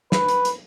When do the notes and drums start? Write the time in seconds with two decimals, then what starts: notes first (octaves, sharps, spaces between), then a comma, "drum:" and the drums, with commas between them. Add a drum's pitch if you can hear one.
0.12 B4, drum: snare
0.29 drum: hi-hat
0.45 drum: hi-hat